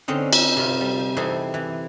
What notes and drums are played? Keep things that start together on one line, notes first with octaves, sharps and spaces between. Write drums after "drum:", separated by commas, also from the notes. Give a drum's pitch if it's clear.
D3 C4 C#4 D#4
drum: cymbal
C3 F4
G3
E3 C4 D#4 G4 A4 C5
E3